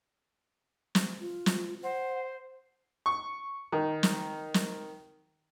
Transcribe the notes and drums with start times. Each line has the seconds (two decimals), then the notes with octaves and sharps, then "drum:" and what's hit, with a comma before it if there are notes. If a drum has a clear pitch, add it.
0.95 drum: snare
1.20 F4
1.46 drum: snare
1.83 C5 F#5
3.06 C#6
3.72 D#3
4.03 drum: snare
4.54 drum: snare